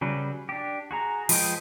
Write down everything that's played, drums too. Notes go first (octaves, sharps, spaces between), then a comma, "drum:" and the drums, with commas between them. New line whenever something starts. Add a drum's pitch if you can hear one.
C#3 F#3 G3 B4
D4 G4
F#4 G#4 A#5
F3 G#3 B4 D#5 G5, drum: open hi-hat